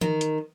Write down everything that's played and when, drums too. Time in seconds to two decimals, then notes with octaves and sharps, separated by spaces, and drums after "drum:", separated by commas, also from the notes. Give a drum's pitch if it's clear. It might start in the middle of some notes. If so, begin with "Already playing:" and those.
0.01 D#3, drum: tom E3
0.21 drum: hi-hat